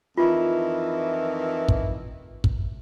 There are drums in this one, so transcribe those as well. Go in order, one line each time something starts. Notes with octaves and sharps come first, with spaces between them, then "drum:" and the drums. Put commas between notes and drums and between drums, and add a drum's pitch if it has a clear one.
F2 D#3 E3 F4
drum: kick
drum: kick